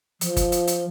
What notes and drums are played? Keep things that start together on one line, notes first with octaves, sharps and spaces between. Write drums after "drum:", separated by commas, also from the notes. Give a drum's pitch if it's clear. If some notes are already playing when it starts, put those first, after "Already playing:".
F3, drum: hi-hat
drum: kick G1, hi-hat
drum: hi-hat
drum: hi-hat